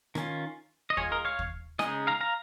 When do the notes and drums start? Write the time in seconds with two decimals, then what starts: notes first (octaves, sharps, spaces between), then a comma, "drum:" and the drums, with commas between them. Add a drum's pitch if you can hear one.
0.15 D#3 C#4 F4, drum: rim click
0.90 D#5
0.97 G#3 F4 G#4 C#5, drum: kick
1.12 A#4 D#5
1.25 C#5 F5
1.39 drum: kick
1.79 C#3 G#3 D#4 D#5 G#5, drum: rim click
2.07 F5 A#5
2.21 F5 A#5